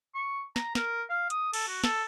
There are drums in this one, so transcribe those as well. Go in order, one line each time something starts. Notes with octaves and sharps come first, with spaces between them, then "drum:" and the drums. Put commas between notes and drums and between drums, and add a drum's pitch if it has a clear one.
C#6
A#5, drum: snare
A#4, drum: snare
F5
D#6, drum: hi-hat
A4, drum: cymbal
F#4
A4, drum: snare